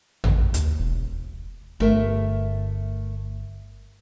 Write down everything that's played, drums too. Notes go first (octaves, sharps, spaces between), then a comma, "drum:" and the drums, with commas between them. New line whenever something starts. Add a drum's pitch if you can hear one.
A1, drum: tom
D#2, drum: hi-hat
E1
G1 A3 A#4 E5